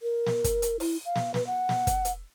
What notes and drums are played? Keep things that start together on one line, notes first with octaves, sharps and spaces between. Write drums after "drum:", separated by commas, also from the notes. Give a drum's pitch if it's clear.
A#4
drum: snare
drum: kick, hi-hat
drum: hi-hat
E4, drum: open hi-hat
F5
drum: snare
B4, drum: snare
F#5
drum: snare
drum: kick, hi-hat
drum: hi-hat